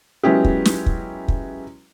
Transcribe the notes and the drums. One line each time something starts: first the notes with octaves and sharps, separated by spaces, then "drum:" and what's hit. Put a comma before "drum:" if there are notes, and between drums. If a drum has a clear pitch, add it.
F#3 G#3 B3 C#4 E4 G4
drum: kick
drum: snare
drum: kick
drum: kick